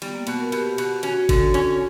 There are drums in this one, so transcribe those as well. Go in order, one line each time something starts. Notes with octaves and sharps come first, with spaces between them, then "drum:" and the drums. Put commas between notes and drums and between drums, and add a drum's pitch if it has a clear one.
G3 B3, drum: cymbal
A#3
B2 B3, drum: cymbal
A#4
B2 G4, drum: cymbal
B2, drum: cymbal
C#4 F#4, drum: cymbal
D3, drum: kick, cymbal
C#4, drum: cymbal